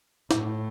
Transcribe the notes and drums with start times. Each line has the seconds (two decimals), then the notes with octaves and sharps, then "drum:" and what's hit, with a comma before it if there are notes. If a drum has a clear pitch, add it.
0.31 A2, drum: snare